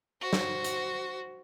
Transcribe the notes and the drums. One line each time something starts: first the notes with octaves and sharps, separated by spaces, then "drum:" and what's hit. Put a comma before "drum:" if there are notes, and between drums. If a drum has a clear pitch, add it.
F#4 C5
drum: snare
drum: hi-hat